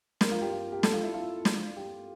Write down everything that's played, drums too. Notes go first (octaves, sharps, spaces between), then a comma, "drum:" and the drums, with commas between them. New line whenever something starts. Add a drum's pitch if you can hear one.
A#4, drum: snare
F4
G4
F4
G4
A4, drum: snare
F4
E4
F4
drum: snare
G4